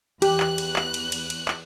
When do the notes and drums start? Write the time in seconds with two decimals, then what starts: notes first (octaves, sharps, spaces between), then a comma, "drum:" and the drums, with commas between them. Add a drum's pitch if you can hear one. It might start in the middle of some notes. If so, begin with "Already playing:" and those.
0.22 E2 G4 F#6, drum: cymbal
0.40 drum: clap
0.58 drum: cymbal
0.76 drum: clap
0.94 drum: cymbal
1.12 drum: cymbal
1.30 drum: cymbal
1.48 drum: clap